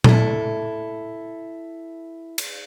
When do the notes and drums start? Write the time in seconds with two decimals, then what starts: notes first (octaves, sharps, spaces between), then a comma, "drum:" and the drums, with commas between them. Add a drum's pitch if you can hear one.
0.04 E4 A4, drum: tom A#2
2.38 drum: cymbal